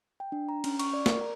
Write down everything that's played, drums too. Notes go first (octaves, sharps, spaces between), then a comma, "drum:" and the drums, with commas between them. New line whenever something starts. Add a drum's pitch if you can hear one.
G5
D4
A#5
C#4, drum: cymbal
C#6, drum: cymbal
D5
A#4, drum: snare
A#5